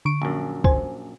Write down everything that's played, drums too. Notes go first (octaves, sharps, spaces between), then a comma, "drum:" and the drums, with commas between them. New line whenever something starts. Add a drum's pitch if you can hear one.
D3 C#6 D7
A#1 F#2
C5 G#5, drum: kick